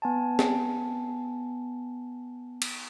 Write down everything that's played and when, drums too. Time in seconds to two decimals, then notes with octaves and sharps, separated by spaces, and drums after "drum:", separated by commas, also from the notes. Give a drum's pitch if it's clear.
0.02 B3 G#5 A5
0.39 drum: snare
2.62 drum: cymbal